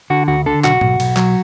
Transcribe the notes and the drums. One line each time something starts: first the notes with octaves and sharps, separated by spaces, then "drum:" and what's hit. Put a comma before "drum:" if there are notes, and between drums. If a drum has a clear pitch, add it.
D3 F#4
D2 F#4
D3 A4
B1 F#4, drum: clap
B1, drum: tom G#2
B1, drum: cymbal
F#3, drum: clap